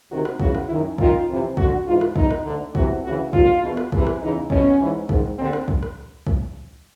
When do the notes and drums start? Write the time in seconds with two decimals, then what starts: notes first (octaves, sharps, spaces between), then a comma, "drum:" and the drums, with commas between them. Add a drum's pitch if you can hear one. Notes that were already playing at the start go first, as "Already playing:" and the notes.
0.11 D2 C3 D#3 F#4
0.25 drum: rim click
0.40 E2 C#3 E3 F#4, drum: kick
0.55 drum: rim click
0.69 F#2 D#3 E4
0.98 F#2 D#3 F4, drum: kick
1.27 F2 C3 E3
1.57 F2 D3 F#4, drum: kick
1.86 G#2 E3 F4
2.01 drum: rim click
2.16 E2 B2 D#4, drum: kick
2.31 drum: rim click
2.45 D2 D3
2.75 E2 C3 E3 F#4, drum: kick
3.04 D2 C#3 E3 F#4
3.33 D#2 D3 F4, drum: kick
3.63 E2 B2
3.77 drum: rim click
3.92 E2 C3 E3, drum: kick
4.07 drum: rim click
4.21 E2 C#3 E3 D#4
4.50 E2 B2 C#4, drum: kick
4.80 G#2 E3
5.09 G#2 D#3, drum: kick
5.39 D#2 D3 C4
5.53 drum: rim click
5.68 drum: kick
5.83 drum: rim click
6.27 drum: kick